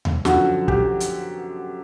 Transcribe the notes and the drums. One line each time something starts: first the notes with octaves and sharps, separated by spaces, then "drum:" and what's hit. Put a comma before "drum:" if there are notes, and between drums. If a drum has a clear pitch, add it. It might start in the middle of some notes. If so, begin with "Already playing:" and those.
drum: tom D#2
F#2 D3 F3 F#4, drum: snare
G4, drum: kick
drum: hi-hat